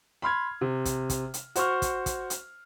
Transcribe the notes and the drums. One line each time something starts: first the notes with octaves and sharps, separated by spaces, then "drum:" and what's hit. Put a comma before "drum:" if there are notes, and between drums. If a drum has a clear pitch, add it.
B5 C6 F6 G#6
C3
drum: kick, hi-hat
drum: kick, hi-hat
drum: hi-hat
F#4 C5 C#6 F6, drum: hi-hat
drum: kick, hi-hat
drum: kick, hi-hat
drum: hi-hat